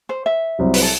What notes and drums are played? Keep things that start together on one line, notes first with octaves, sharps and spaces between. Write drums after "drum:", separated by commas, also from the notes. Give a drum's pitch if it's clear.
C5
E5
C2 C3 F#3 C4
B4, drum: open hi-hat
A4